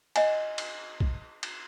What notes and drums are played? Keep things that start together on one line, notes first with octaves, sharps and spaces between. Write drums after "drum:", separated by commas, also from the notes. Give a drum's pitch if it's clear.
D#5 F#5 G#5, drum: cymbal
drum: cymbal
drum: kick
drum: cymbal